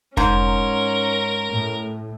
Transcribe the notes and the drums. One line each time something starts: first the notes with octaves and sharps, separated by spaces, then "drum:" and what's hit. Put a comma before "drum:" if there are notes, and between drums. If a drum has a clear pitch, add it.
G#2 C#4 A#4 A#5, drum: kick F1
A2